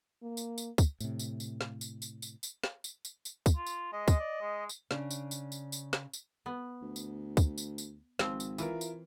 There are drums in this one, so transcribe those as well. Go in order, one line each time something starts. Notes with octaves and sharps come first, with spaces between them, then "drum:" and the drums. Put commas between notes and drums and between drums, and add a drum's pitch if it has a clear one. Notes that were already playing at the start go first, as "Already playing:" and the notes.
A#3
drum: tambourine
drum: tambourine
drum: kick, tambourine
A2 C3, drum: tambourine
drum: tambourine
drum: tambourine
drum: snare
drum: tambourine
drum: tambourine
drum: tambourine
drum: tambourine
drum: snare
drum: tambourine
drum: tambourine
drum: tambourine
drum: kick, tambourine
F4
drum: tambourine
G#3 D#5
drum: kick, tambourine
D5
G#3
drum: tambourine
C#3 D4, drum: snare
drum: tambourine
drum: tambourine
drum: tambourine
drum: tambourine
drum: snare
drum: tambourine
B3
D2
drum: tambourine
drum: kick, tambourine
drum: tambourine
drum: tambourine
G#1 F3 C4, drum: snare
drum: tambourine
E3 E4 F4 A#4, drum: tambourine
drum: tambourine